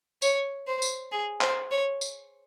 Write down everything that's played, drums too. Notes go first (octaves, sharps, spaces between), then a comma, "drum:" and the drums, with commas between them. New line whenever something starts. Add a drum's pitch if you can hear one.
C#5, drum: tambourine
C5
drum: tambourine
G#4
C5, drum: clap
C#5
drum: tambourine